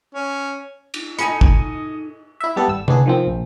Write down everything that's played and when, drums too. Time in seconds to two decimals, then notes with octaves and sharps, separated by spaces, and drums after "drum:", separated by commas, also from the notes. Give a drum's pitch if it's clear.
0.15 C#4
0.94 drum: cymbal
1.19 D#4 F4 A4 D#5 G#5 C#7, drum: hi-hat
1.41 drum: kick
2.40 E4 E5
2.56 G3 B3 A4
2.68 G#1 E6
2.88 B3 D4 G#4, drum: tom C3
3.06 D#3 F3 C4
3.27 A#1